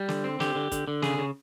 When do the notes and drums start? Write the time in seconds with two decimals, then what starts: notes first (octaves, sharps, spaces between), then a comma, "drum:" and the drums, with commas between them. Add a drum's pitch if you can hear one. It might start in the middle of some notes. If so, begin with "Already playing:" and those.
Already playing: G3
0.09 D3, drum: snare
0.24 C4
0.40 D3 G4, drum: snare
0.55 D3
0.72 D3, drum: kick, hi-hat
0.88 D3
1.02 C#3 G#4, drum: snare
1.19 C#3